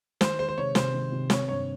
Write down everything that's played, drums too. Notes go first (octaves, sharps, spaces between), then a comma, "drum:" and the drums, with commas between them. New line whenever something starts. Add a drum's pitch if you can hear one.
D#3 C5, drum: snare
G#3 C5
C5
C3 C#5
C3 C5, drum: snare
D#3
C3
C4 C#5, drum: snare
G2 C#5